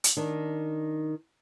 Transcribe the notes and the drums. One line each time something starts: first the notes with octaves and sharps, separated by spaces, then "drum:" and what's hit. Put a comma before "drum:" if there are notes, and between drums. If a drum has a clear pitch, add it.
drum: hi-hat
D#3 D4